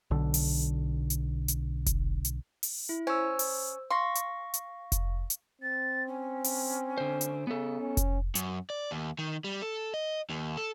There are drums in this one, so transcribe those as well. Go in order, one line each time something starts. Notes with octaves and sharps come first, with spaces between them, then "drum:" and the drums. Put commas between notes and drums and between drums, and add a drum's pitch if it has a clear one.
B1 D3
drum: open hi-hat
drum: hi-hat
drum: hi-hat
drum: kick F1, hi-hat
drum: hi-hat
drum: open hi-hat
E4
C#4 C5 E6
drum: open hi-hat
F5 C6 C#6 A#6
drum: hi-hat
drum: hi-hat
drum: kick F1, hi-hat
drum: hi-hat
C4 A6
C#4
drum: open hi-hat
D3 C5
drum: hi-hat
C#3 B3 A4
C#4
drum: kick F1, hi-hat
F#2, drum: hi-hat
D5
D#2
D#3
G3
A4
D#5
D#2
A4